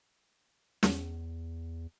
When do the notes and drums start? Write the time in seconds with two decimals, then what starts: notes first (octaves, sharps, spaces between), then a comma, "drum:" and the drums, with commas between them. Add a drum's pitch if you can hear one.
0.83 E2, drum: snare